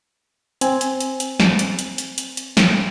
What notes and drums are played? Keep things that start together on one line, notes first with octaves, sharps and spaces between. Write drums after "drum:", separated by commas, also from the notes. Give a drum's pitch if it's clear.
C4 G#5, drum: hi-hat
drum: hi-hat
drum: hi-hat
drum: hi-hat
drum: snare
drum: hi-hat
drum: hi-hat
drum: hi-hat
drum: hi-hat
drum: hi-hat
drum: snare